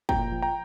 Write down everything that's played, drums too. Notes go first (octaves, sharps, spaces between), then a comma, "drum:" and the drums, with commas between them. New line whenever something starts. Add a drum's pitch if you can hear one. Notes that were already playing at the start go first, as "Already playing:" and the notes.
A#2 G5 A#5, drum: kick
F3
G5 A#5